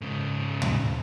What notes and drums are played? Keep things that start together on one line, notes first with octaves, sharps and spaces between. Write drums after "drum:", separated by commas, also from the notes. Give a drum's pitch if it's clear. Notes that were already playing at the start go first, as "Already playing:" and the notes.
G#2 C#3
drum: tom